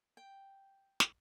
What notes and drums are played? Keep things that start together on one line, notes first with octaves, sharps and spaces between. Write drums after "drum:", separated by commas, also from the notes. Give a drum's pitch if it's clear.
G5
drum: snare